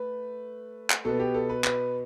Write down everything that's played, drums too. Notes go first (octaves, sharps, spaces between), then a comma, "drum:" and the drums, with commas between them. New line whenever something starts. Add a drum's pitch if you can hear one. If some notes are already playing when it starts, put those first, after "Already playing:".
Already playing: A3 B4
drum: clap
B2 B3 A4
G4
A4
B4
B4, drum: clap